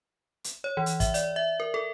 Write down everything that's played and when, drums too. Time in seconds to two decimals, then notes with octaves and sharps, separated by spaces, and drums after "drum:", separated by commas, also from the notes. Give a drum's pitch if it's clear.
0.44 drum: hi-hat
0.64 C#5
0.77 E3
0.86 drum: hi-hat
1.00 E5, drum: kick, hi-hat
1.14 D5, drum: hi-hat
1.36 E5
1.60 A#4
1.74 A4